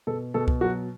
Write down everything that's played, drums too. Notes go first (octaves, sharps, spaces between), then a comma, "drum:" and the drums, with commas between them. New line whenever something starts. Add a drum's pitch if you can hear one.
B2 A4
B2 A4
drum: kick C2
F#3 F#4